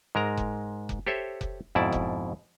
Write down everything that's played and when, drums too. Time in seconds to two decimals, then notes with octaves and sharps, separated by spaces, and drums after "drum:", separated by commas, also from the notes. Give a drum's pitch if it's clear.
0.15 G#2 G#3 A#4 A#5
0.37 drum: kick F1
0.89 drum: kick F1
1.07 G4 A4 C5 C#5 E5
1.41 drum: kick F1
1.75 F2 G#2 B2 E4 D5 A5
1.92 drum: kick F1